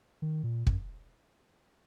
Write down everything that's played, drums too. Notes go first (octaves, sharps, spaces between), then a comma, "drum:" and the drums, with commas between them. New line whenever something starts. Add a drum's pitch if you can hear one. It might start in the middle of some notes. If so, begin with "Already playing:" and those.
D#3
A#2
F#2, drum: kick